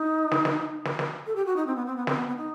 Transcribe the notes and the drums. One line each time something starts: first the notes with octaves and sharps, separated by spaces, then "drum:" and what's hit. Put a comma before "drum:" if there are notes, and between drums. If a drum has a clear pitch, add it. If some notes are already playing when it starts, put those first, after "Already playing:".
Already playing: D#4
drum: snare
drum: snare
drum: snare
drum: snare
A4
G4
F#4
D#4
C4
B3
C4
B3
C4, drum: snare
B3
B3
D#4